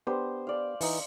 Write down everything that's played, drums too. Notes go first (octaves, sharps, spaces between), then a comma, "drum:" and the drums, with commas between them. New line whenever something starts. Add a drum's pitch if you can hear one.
B3 D4 G4 C5
D5 F5
E3 D#4, drum: open hi-hat